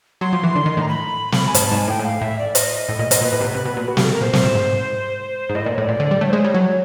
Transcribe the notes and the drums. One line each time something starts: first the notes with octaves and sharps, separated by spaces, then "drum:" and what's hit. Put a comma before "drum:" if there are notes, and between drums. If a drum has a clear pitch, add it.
F#3 C6
F3
E3
D3
D#3
A2 A#5
B5
drum: snare
G#5
G#2 A5, drum: hi-hat
A5
G#2
G#5
A2 G5
A2
F5
A2 E5
D5
D#5, drum: hi-hat
A2
A#2
B2, drum: hi-hat
A#2 B4
A2
C3
B2
C3
B2
A#2
F#4
G4, drum: snare
A4
A#4
A#2 C5
A#2, drum: snare
A2
G#2
G#2
A2 D#5
A#2 D5
A2 C#5
A#2 D5
D3
G3
A3 C#5
G#3 C5
C#5
G3
F#3